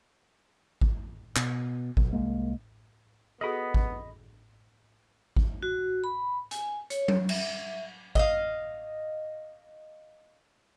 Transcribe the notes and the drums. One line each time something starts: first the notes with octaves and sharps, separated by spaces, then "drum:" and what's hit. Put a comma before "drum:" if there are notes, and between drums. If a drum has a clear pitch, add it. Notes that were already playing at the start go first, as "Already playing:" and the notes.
drum: kick G#1
B2, drum: clap
B1, drum: kick G#1
C2 G#3 A#3
B3 F#4 G#4 A4 D#5 B5
drum: kick G#1
drum: kick G#1
F#4
B5
G#5, drum: hi-hat
C#5, drum: hi-hat
drum: tom F#3
E5, drum: cymbal
D#5 F5, drum: kick G#1